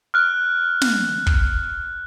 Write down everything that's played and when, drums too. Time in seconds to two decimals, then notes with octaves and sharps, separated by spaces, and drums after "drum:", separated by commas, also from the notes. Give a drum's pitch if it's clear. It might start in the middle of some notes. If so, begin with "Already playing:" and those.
0.14 F6 F#6
0.81 drum: snare
1.27 drum: kick